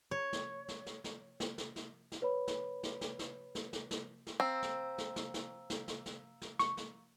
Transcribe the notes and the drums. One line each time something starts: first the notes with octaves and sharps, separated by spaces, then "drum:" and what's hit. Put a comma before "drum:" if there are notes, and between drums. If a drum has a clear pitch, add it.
C#5
drum: snare
drum: snare
drum: snare
drum: snare
drum: snare
drum: snare
drum: snare
drum: snare
B4 C#5 B5
drum: snare
drum: snare
drum: snare
drum: snare
drum: snare
drum: snare
drum: snare
drum: snare
C4 F5 A#5 E6
drum: snare
drum: snare
drum: snare
drum: snare
drum: snare
drum: snare
drum: snare
drum: snare
C#6, drum: snare
drum: snare